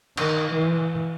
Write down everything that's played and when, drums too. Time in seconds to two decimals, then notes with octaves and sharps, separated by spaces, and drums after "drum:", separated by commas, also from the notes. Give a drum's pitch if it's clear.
0.17 D#3, drum: cymbal
0.52 E3